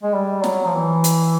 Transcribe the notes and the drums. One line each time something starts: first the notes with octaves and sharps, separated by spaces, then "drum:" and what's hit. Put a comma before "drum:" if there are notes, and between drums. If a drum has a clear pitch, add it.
G#3
G3
F#3, drum: snare
F3
E3
drum: hi-hat